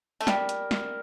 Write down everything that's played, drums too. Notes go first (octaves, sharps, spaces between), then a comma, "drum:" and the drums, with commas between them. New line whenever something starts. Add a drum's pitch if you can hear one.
A3
G3 A#4, drum: snare
drum: hi-hat
drum: snare